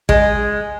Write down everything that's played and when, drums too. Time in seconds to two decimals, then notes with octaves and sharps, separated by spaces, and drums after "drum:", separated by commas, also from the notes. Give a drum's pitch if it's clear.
0.09 G#3, drum: kick A1